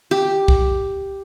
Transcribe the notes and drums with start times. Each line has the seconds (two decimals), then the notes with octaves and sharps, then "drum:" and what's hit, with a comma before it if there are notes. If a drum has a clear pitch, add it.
0.11 G4
0.48 drum: kick